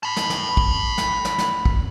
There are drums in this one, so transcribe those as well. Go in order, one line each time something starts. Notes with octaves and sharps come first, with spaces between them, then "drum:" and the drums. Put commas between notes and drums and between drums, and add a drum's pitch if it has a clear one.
A5 B5
drum: snare
drum: snare
drum: kick
drum: snare
drum: snare
drum: snare
drum: kick